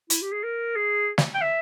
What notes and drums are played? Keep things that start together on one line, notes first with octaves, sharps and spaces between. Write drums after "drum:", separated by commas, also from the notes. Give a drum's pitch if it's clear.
E4, drum: hi-hat
G4
G#4
A#4
G#4
drum: snare
G5
E5